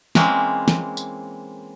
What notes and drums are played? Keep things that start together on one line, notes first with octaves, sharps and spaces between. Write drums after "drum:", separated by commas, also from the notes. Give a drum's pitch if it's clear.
E3 G#3 A#3 C4 C#4, drum: snare
drum: snare
drum: tambourine